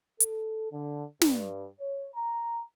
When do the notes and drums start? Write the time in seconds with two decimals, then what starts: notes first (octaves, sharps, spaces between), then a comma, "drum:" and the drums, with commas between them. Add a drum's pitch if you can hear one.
0.20 A4, drum: hi-hat
0.72 D3
1.22 G2, drum: snare
1.80 C#5
2.15 A#5